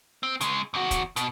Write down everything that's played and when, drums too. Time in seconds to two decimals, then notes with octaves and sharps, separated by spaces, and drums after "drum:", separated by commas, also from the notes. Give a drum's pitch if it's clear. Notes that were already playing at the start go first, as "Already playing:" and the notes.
0.23 C4
0.41 C#3 G#3, drum: hi-hat
0.74 E2 F#4
0.91 drum: kick, hi-hat
1.16 B2, drum: hi-hat